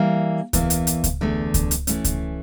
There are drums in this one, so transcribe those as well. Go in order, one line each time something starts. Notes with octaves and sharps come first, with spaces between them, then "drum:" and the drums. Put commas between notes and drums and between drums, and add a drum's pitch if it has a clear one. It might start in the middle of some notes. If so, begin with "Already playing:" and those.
Already playing: E3 G3 A#3
E2 E3 A#3, drum: kick C#2, hi-hat
drum: hi-hat
drum: hi-hat
drum: kick C#2, hi-hat
E2 D3 A3
drum: kick C#2, hi-hat
drum: hi-hat
E3 A3 C#4, drum: hi-hat
drum: kick C#2, hi-hat